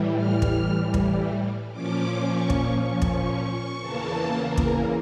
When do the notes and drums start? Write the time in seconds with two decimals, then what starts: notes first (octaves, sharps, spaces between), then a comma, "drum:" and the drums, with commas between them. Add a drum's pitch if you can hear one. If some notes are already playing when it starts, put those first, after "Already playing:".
Already playing: A2 E3 G3
0.16 F6
0.42 drum: kick
0.94 drum: kick
1.72 A#2 F3 C#4 D6
2.24 C#6
2.50 drum: kick
3.02 drum: kick
3.80 E2 C#3 E3 A#3 A5
4.31 A#4
4.57 drum: kick